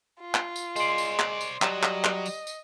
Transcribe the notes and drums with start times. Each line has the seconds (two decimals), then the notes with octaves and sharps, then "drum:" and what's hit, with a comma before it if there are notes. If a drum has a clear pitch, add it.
0.21 F4
0.34 drum: clap
0.56 drum: tambourine
0.76 G#3 C5 D5 C6 C7, drum: tambourine
0.98 drum: tambourine
1.19 drum: clap
1.41 drum: tambourine
1.62 F#3 G3 D#5, drum: clap
1.83 drum: clap
2.04 drum: clap
2.26 drum: tambourine
2.47 drum: tambourine